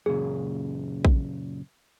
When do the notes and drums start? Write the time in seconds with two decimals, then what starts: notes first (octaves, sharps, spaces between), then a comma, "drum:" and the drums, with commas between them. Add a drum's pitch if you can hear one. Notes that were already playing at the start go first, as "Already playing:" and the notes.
0.06 F#2 A#2 C#3 G#4
1.05 drum: kick A#1